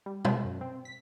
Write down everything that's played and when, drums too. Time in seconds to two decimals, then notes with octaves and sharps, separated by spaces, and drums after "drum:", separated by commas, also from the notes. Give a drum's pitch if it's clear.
0.06 G3
0.25 G#3, drum: tom B2
0.45 F#2
0.61 C4
0.85 B6